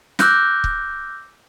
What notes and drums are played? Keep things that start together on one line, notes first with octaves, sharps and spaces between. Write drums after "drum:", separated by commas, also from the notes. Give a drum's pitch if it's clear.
D6 E6 F#6 G6 A#6, drum: snare
drum: kick C#1